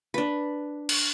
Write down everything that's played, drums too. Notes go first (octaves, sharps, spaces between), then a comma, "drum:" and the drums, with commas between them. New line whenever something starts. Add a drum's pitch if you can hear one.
D4 B4
drum: cymbal